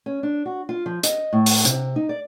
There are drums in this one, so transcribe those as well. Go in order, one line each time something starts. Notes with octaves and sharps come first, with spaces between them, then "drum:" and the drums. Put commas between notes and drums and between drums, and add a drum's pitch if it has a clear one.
C#4
D4
F#4
F4
F3
D#5, drum: hi-hat
A2
drum: open hi-hat
C3, drum: hi-hat
D#4
D5